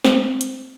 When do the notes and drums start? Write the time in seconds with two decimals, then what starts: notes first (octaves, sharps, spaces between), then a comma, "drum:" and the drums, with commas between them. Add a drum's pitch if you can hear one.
0.05 C4, drum: snare
0.41 drum: hi-hat